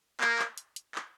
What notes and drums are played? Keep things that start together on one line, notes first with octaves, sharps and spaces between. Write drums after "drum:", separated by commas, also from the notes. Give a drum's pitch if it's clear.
A#3, drum: clap
drum: clap
drum: hi-hat
drum: hi-hat
drum: clap